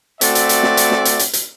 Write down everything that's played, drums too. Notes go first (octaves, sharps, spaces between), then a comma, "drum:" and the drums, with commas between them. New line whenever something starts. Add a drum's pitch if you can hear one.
A3 C4 F#4 D5 E5, drum: hi-hat
drum: hi-hat
drum: hi-hat
drum: snare
drum: hi-hat
drum: snare
drum: hi-hat
drum: hi-hat
drum: hi-hat